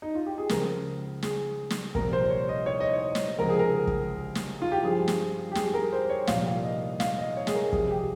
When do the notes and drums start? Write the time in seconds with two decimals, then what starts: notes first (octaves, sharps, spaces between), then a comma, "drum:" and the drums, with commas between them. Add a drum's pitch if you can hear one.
0.02 D#4
0.15 F4
0.26 G4
0.38 G#4
0.49 C#2 C#3 F3 A#4, drum: snare
1.22 G#4, drum: snare
1.70 drum: snare
1.95 C2 A#2 F3 A#4, drum: kick
2.13 C5
2.30 C#5
2.49 D#5
2.66 C#5
2.80 D#5
2.93 C#5
3.15 drum: snare
3.38 C#2 C3 F3 A#4
3.49 G#4
3.59 A#4
3.87 drum: kick
4.35 drum: snare
4.62 F4
4.72 G4
4.83 G2 F3 G#4
5.08 drum: snare
5.52 G4
5.55 G#4, drum: snare
5.74 A#4
5.92 C5
6.10 C#5
6.27 C2 A#2 F3 F5, drum: snare
6.47 F5
6.64 D#5
7.00 F5, drum: snare
7.18 D#5
7.37 C#5
7.47 G#4, drum: snare
7.55 A#4
7.73 C2 C3 F3 G#4, drum: kick
7.90 G4